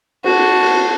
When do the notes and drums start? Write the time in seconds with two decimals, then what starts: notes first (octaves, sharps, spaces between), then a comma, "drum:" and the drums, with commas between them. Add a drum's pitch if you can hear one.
0.24 F#4 A5, drum: cymbal
0.61 drum: cymbal